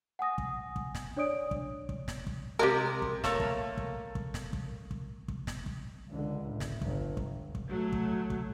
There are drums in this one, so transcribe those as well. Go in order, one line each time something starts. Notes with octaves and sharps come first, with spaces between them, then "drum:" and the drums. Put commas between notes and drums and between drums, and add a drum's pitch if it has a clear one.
F#5 G#5 D#6 A#6
drum: kick
drum: kick
drum: snare
D4 C#5 D5 D#6 D7
drum: kick
drum: kick
drum: snare
drum: kick
C3 G#3 G4 A#4
drum: kick
A3 A#3 C#5, drum: snare
drum: kick
drum: kick
drum: kick
drum: snare
drum: kick
drum: kick
drum: kick
drum: snare
drum: kick
C#2 D3
A2
drum: snare
G1, drum: kick
drum: kick
drum: kick
F#3 A3
drum: kick
drum: kick